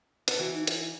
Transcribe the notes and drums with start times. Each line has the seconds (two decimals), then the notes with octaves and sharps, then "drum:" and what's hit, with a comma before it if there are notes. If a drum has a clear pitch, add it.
0.28 D4 B4 F#5 A5, drum: hi-hat
0.39 E3 F#4
0.53 D#4
0.67 E4, drum: hi-hat